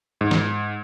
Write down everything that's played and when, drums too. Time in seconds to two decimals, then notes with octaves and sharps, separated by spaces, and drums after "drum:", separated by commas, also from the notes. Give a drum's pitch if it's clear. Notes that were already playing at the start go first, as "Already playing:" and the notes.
0.21 G#2
0.31 drum: snare